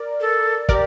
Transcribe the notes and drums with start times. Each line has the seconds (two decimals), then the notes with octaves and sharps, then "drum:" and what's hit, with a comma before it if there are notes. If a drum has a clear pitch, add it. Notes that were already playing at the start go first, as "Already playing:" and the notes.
Already playing: A#4 D5
0.20 A4
0.69 G4 A#4 D5, drum: kick